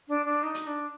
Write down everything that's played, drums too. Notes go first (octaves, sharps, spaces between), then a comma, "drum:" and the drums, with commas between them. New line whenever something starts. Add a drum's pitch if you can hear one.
D4
D4
D#4
drum: hi-hat
D4